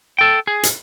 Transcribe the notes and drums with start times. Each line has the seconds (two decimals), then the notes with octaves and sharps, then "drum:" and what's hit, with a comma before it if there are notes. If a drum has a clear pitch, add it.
0.19 A4 G5
0.47 G#4
0.63 drum: hi-hat